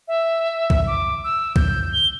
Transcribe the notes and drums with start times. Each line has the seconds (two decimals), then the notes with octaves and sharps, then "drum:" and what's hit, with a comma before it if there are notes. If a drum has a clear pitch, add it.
0.08 E5
0.70 drum: kick C2
0.87 D6
1.24 E6
1.56 G6, drum: kick C2
1.93 G7